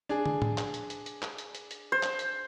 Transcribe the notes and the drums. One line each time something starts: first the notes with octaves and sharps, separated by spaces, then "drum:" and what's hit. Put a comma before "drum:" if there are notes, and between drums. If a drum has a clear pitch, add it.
D4 G#4
drum: tom
drum: tom A2
drum: clap
drum: hi-hat
drum: hi-hat
drum: hi-hat
drum: clap
drum: hi-hat
drum: hi-hat
drum: hi-hat
C5
drum: clap
drum: hi-hat